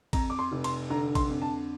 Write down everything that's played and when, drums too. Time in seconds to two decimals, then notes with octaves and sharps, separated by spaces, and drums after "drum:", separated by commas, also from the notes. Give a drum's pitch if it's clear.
0.13 F2 A#5, drum: kick, cymbal
0.30 D6
0.39 C6
0.52 F1
0.64 C6, drum: cymbal
0.90 D3 A#5
1.15 C6, drum: kick, cymbal
1.29 F2
1.42 A5